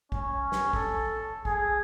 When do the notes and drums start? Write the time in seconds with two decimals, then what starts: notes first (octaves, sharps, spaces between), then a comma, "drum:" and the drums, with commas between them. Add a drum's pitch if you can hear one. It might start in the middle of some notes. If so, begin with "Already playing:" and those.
0.12 C#4, drum: kick
0.52 drum: snare
0.73 A4, drum: kick
1.45 G#4, drum: kick